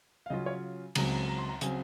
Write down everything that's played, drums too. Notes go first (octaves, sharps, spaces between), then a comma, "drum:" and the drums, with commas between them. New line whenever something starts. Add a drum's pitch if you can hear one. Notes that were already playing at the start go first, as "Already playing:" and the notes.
F5
C#3 F#3 C#4 F4 D#5
C#5
C#2 C#3 F#3 C4 A#5, drum: cymbal
A#5
A#5
C6
A#5
C#3 F#3 C4 G#5, drum: hi-hat